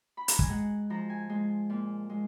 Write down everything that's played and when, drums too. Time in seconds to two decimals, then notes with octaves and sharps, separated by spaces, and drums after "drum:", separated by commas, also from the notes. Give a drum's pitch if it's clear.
0.17 B5
0.28 A#5, drum: hi-hat
0.39 G#5, drum: kick
0.49 G#3 F#5
0.90 F3 A#5
1.10 G#5
1.30 G#3
1.70 A#2
2.10 G#3